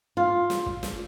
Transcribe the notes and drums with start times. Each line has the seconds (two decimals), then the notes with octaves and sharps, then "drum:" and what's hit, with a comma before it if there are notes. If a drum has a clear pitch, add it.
0.17 F4
0.50 drum: snare
0.66 drum: kick
0.83 drum: snare